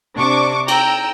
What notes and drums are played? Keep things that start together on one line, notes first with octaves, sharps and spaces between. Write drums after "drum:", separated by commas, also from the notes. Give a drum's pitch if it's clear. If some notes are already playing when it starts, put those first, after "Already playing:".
C3 D4 C#6 D6
G5 A#5 E6, drum: cymbal